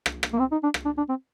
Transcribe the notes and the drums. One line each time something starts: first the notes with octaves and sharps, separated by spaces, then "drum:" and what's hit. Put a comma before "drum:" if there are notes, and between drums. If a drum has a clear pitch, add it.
drum: rim click
drum: rim click
A#3
C4
D#4
D4
drum: rim click
D4
D4
C4